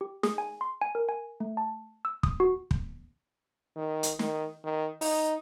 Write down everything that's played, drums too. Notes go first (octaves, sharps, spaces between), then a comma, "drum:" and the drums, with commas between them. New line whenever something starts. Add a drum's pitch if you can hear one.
G4
G#4, drum: snare
G#5
C6
G#5
A#4
G#5
A3
A5
E6
D#6, drum: kick
F#4
drum: kick
D#3
drum: hi-hat
D#3, drum: snare
D#3
D#4, drum: open hi-hat